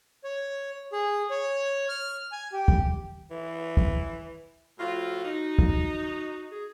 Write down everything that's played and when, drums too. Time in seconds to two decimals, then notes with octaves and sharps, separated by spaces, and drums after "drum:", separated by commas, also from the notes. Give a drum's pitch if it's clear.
0.24 C#5
0.93 G#4
1.30 C#5
1.89 F6
2.32 G#5
2.53 G4
2.68 drum: kick
3.31 E3
3.77 drum: kick
4.79 A2 F3 F4 F#4
5.25 D#4
5.59 drum: kick
6.51 G#4